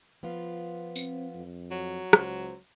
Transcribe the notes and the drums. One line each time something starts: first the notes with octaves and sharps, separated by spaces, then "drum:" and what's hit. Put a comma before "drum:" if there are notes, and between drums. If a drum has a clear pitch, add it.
F3 B3 F4
C4, drum: tambourine
F2
F#3
C#2 C5, drum: rim click